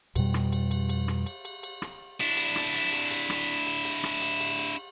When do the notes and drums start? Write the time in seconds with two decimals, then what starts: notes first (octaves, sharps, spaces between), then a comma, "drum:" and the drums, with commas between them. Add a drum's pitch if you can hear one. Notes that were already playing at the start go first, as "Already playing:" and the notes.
0.16 F2 B2 G3, drum: cymbal
0.34 drum: rim click
0.52 drum: cymbal
0.71 drum: cymbal
0.89 drum: cymbal
1.08 drum: rim click
1.26 drum: cymbal
1.45 drum: cymbal
1.63 drum: cymbal
1.82 drum: rim click
2.20 D4 E4, drum: cymbal
2.37 drum: cymbal
2.56 drum: rim click
2.74 drum: cymbal
2.93 drum: cymbal
3.11 drum: cymbal
3.30 drum: rim click
3.67 drum: cymbal
3.85 drum: cymbal
4.04 drum: rim click
4.22 drum: cymbal
4.40 drum: cymbal
4.59 drum: cymbal